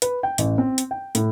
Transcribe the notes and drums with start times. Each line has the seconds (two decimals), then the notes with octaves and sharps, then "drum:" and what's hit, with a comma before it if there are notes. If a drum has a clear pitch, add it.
0.02 B4, drum: hi-hat
0.23 G5
0.38 A1, drum: hi-hat
0.58 C4
0.78 drum: hi-hat
0.91 G5
1.15 A2, drum: hi-hat